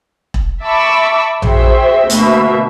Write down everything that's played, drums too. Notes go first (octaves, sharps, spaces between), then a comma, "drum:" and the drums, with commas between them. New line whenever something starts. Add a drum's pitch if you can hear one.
drum: kick E1
E5 A5 B5 C#6 D6 E6
F#4 G#4 C5 E5 G5, drum: tom A#1
D2 B2 A#3 E5, drum: hi-hat